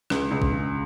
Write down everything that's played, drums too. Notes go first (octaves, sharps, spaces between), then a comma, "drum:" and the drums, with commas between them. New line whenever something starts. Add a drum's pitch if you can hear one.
C#2, drum: rim click
C#2
drum: kick A#1
C#3